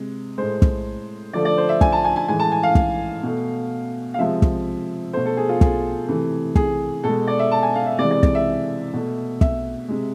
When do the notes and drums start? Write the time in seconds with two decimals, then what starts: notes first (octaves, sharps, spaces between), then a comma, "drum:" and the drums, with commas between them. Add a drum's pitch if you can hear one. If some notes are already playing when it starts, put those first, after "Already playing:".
Already playing: C3 G#3
0.38 A2 G#3 C5
0.62 drum: kick
1.33 D3 F3 A3 D5
1.45 D5
1.58 C5
1.69 E5
1.81 G#5, drum: kick
1.92 A5
2.04 G#5
2.16 G#5
2.28 A2 E3 G#3 G#5
2.40 A5
2.52 G#5
2.63 F5
2.75 F5, drum: kick
3.23 B2 A3
4.14 F5
4.19 C3 F3 G#3 E5
4.42 drum: kick
5.13 B2 A3 C5
5.25 A4
5.37 G#4
5.49 F4
5.61 G#4, drum: kick
6.08 C3 E3 A3
6.55 G#4, drum: kick
7.04 B2 G#3 A4
7.27 D5
7.39 E5
7.51 A5
7.63 G#5
7.75 F5
7.86 E5
7.99 C3 E3 G#3 D5
8.11 D5
8.23 D5, drum: kick
8.35 E5
8.93 B2 A3
9.41 E5, drum: kick
9.88 C3 G#3